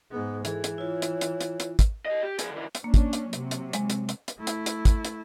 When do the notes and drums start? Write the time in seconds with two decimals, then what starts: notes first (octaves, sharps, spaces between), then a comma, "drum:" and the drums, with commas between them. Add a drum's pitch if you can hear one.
0.11 G#2 B3 G#4
0.45 E3 G#4 A4, drum: hi-hat
0.64 drum: hi-hat
0.78 E4 F4 C#5
1.02 drum: hi-hat
1.21 drum: hi-hat
1.41 drum: hi-hat
1.60 drum: hi-hat
1.79 drum: kick, hi-hat
2.05 G4 D#5
2.23 G4
2.39 F3 G#4, drum: hi-hat
2.50 D3 E3
2.75 drum: hi-hat
2.84 A#3 C#4 D4
2.94 drum: kick, hi-hat
3.13 drum: hi-hat
3.33 C3 F#3, drum: hi-hat
3.51 drum: hi-hat
3.73 G#3, drum: hi-hat
3.90 drum: hi-hat
4.09 drum: hi-hat
4.28 drum: hi-hat
4.38 A3 E4
4.47 drum: hi-hat
4.66 drum: hi-hat
4.85 drum: kick, hi-hat
5.05 drum: hi-hat